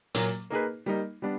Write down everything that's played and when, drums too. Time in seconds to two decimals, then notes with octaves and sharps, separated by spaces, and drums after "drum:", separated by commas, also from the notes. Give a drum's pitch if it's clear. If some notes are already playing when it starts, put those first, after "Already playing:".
0.15 A#2 F#3 A#3, drum: hi-hat
0.50 A#3 D#4 G#4 B4
0.86 G3 A#3 D#4
1.22 G3 B3 D4